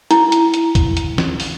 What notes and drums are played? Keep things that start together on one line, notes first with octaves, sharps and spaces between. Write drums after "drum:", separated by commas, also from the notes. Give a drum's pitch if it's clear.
E4, drum: hi-hat
drum: hi-hat
drum: hi-hat
drum: kick, hi-hat
drum: hi-hat
drum: snare
drum: open hi-hat